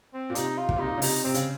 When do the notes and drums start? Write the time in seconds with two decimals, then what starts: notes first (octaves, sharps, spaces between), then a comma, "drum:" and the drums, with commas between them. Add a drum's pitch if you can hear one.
0.14 C4
0.30 A#2
0.35 C3 D#4, drum: hi-hat
0.58 F4
0.69 A#2, drum: kick
0.76 C3
0.79 A#2 D#4
0.98 C#3
1.02 C3 D#4, drum: open hi-hat
1.24 C3 C4
1.34 C#3, drum: hi-hat